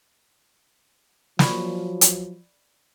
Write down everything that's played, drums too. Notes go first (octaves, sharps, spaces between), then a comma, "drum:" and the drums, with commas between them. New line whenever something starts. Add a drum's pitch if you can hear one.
F3 F#3 D5 B5 C#6, drum: snare
drum: hi-hat